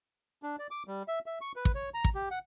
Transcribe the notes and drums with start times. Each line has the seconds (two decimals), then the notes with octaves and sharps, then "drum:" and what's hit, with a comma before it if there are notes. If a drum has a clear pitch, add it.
0.43 D4
0.59 D5
0.71 D6
0.88 G3
1.08 E5
1.26 E5
1.41 C#6
1.56 B4
1.65 drum: kick
1.75 C#5
1.94 A#5
2.04 drum: kick
2.15 G4
2.31 F#5